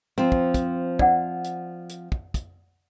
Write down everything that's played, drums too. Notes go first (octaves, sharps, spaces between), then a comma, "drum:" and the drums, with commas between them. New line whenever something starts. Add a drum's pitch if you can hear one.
F3 C4
drum: kick
drum: kick, hi-hat
D5 F#5, drum: kick
drum: hi-hat
drum: hi-hat
drum: kick
drum: kick, hi-hat